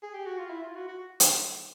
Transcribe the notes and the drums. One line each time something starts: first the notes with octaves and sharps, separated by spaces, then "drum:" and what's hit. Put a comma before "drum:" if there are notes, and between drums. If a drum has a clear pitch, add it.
G#4
G4
F#4
F4
E4
F4
F#4
F#4
drum: hi-hat